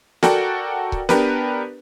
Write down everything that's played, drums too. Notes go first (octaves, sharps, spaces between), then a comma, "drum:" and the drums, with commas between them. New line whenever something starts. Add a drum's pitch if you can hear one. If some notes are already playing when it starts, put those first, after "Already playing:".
F#4 A4 A#4 D5 F#5 G5, drum: snare
drum: kick C#1
B3 D4 G4 A#4 B4, drum: snare